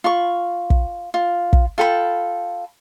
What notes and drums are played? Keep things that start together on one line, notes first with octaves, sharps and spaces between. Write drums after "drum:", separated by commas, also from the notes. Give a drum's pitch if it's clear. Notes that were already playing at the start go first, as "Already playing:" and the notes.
F4 B5 C#6
drum: kick
F4
drum: kick
F4 A4 G5 B5